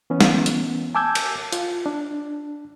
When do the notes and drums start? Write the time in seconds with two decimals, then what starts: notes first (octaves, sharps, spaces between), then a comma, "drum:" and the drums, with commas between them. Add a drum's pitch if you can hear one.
0.10 E3 B3 C#4
0.21 drum: snare
0.46 drum: hi-hat
0.95 G#5 A5 D6 E6 G6 G#6
1.15 drum: cymbal
1.52 F4, drum: hi-hat
1.86 D4